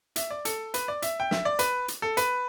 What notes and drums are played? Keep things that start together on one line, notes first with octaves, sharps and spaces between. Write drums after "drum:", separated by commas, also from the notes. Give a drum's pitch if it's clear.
E5, drum: hi-hat
D5
A4, drum: hi-hat
B4, drum: hi-hat
D5
E5, drum: hi-hat
G5
E5, drum: snare
D5
B4, drum: hi-hat
drum: hi-hat
A4
B4, drum: hi-hat